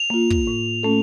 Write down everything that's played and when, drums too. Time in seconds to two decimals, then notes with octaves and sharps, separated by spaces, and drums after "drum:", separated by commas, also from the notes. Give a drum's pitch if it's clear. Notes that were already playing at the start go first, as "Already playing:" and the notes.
Already playing: F7
0.10 A#3 F4
0.30 drum: kick
0.47 A2
0.83 A3 C#4 A4